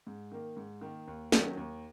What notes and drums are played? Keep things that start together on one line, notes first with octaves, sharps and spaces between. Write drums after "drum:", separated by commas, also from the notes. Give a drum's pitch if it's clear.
G#2
D#3 A#3
G#2
D#3 A#3
D#2
D#3 F#3 C#4, drum: snare
D#2